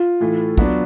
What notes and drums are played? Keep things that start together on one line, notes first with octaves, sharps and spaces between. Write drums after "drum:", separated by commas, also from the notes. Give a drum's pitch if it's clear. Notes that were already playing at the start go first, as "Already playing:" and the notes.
Already playing: F4
A2 E3 A3
F#3 B3 D4, drum: kick